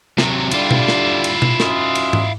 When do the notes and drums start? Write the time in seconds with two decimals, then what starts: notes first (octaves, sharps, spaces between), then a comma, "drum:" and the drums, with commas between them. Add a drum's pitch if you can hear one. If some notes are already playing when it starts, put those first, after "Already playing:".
0.18 C3 F#3, drum: snare
0.51 D3 G3 E4 F4, drum: cymbal
0.71 drum: tom B2
0.88 drum: snare
1.24 drum: cymbal
1.42 drum: tom B2
1.60 F#2 D#5 C6, drum: snare
1.95 drum: cymbal
2.13 drum: tom G#2